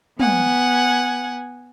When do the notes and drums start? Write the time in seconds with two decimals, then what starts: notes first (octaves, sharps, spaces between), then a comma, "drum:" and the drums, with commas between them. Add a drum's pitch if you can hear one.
0.20 B3 F#5 G#5, drum: tom